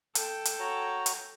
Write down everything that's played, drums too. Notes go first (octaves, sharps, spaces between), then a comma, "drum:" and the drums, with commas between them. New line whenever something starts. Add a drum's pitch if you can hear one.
A4 G5, drum: hi-hat
drum: hi-hat
F#4 C#5 A#5
drum: hi-hat